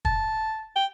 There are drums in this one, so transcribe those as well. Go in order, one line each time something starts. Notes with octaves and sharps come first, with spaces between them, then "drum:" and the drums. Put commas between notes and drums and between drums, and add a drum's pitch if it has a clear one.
A5, drum: kick
G5